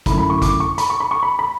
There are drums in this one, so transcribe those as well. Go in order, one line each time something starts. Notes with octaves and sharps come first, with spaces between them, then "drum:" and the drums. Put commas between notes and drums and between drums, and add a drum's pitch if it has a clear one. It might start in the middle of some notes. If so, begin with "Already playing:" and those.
F#2 D3 A3 E4 B5, drum: kick, hi-hat
B5
C#6
D6, drum: kick, hi-hat
C#6
B5, drum: hi-hat
C#6
B5
C#6
B5
B5